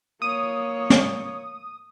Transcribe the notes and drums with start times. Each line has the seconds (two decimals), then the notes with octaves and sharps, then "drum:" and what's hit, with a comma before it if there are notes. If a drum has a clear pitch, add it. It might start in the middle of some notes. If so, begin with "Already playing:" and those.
0.22 A#3 C#5 D#6
0.90 drum: snare